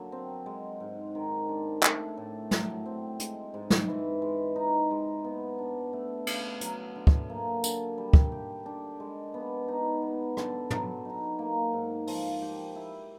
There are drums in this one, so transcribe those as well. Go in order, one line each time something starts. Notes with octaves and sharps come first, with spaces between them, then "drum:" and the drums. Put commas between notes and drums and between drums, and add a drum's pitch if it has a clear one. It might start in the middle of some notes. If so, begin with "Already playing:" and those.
Already playing: D3 F#3 A#3
C4
G#3
G#2
D#3
D4
A3, drum: clap
A2
F#3, drum: snare
C4
G#3, drum: hi-hat
G#2
drum: snare
E3
G#3
D#4
G#3
B3
D4
A3
C#3, drum: cymbal
F#3, drum: hi-hat
D3
drum: kick
A#3
D3, drum: tambourine
G3
drum: kick
G4
D4
G#3
B3
D#4
B3
D3, drum: rim click
F#3, drum: tom
D#4
A#3
G#2
F3, drum: open hi-hat
G4
E4